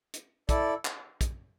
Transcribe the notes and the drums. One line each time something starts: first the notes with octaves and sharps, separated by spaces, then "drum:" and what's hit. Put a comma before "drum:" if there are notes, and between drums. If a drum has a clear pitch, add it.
drum: hi-hat
E4 A4 D5, drum: kick, hi-hat
drum: clap
drum: kick, hi-hat